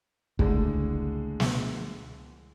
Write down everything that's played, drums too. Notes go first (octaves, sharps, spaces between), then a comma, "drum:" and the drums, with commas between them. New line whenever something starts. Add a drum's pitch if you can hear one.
C#2 A2 D3 G#3 A#3 D4, drum: kick
drum: snare